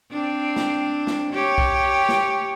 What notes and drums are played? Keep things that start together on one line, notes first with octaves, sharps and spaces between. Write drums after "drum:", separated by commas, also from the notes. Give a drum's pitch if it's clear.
C4 D4
drum: snare
drum: snare
G4 C#5
drum: kick B1
drum: snare